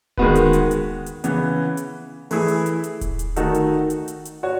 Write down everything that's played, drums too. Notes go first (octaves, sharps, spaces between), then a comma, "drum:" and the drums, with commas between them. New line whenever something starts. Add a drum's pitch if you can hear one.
D#3 G#3 B3 F#4 B4, drum: kick D#1
drum: hi-hat
drum: hi-hat
drum: hi-hat
drum: hi-hat
C#3 E3 B3, drum: hi-hat
drum: hi-hat
E3 A3 E4 G#4, drum: open hi-hat
drum: hi-hat
drum: hi-hat
drum: hi-hat
drum: kick D#1, hi-hat
drum: hi-hat
D#3 A3 D#4 F#4 A4, drum: hi-hat
drum: hi-hat
drum: hi-hat
drum: hi-hat
drum: hi-hat
F#4 C#5